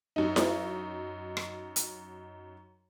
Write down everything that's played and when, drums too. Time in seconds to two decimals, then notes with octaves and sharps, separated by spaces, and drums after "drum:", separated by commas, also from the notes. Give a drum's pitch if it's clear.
0.16 F#2 D#4
0.36 drum: snare E4
1.37 drum: rim click
1.76 drum: hi-hat